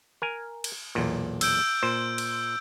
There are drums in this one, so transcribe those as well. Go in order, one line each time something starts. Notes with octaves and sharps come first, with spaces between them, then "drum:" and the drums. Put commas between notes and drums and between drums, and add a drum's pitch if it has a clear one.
A#4 G#5
drum: cymbal
B1 E2 A#2
E6 G6 D7, drum: cymbal
A#2 C5
drum: cymbal